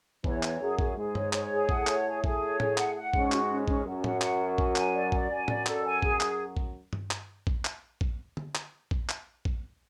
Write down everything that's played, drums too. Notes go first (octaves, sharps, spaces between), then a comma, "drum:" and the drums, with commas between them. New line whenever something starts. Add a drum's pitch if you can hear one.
E2 E3 C#5, drum: kick A#1
C#5, drum: clap
F#2 F#3 G#4
G#4, drum: kick A#1
G#2 G#3 G#4
C#5, drum: tom G2
C#5, drum: clap
G#4
A2 A3 F#5, drum: kick A#1
C#5, drum: clap
G#4
G#4, drum: kick A#1
C#5
G#4, drum: tom A2
F#5, drum: clap
F#5
G#2 G#3 C#4, drum: kick A#1
F#4, drum: clap
C#4
C#4, drum: kick A#1
F#2 F#3 C#4
F#5, drum: tom A2
F#5, drum: clap
F#4
G#5, drum: kick A#1
G#5, drum: clap
D5
D5, drum: kick A#1
F#2 F#3 G#5
D5, drum: tom A2
A4, drum: clap
G#5
G#4, drum: kick A#1
drum: clap
drum: kick A#1
drum: tom G2
drum: clap
drum: kick A#1
drum: clap
drum: kick A#1
drum: tom D3
drum: clap
drum: kick A#1
drum: clap
drum: kick A#1